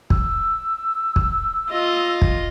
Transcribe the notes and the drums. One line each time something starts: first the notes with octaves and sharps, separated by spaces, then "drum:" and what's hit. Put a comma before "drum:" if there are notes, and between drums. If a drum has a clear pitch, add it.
E6, drum: kick
drum: kick
F4 D#5
drum: kick